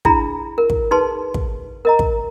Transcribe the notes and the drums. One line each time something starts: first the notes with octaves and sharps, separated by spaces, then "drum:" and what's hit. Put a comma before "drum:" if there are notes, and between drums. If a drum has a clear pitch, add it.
D4 E4 G#4 A#5 B5, drum: kick
A#4
drum: kick
D#4 G#4 B4 A5 C6
drum: kick
A#4 D#5 A#5
drum: kick